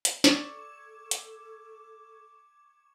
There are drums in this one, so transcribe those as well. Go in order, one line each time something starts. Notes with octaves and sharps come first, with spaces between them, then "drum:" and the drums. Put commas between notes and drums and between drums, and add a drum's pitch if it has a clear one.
drum: hi-hat
A4 D5 C#6 D6 G#6 E7, drum: snare
drum: hi-hat